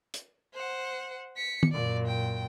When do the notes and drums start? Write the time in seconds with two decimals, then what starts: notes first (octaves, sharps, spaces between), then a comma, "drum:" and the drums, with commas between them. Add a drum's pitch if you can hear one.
0.14 drum: hi-hat
0.54 C5 F#5
1.37 B6 C#7
1.63 drum: tom D#3
1.72 F#2 A#2 D5
2.08 G5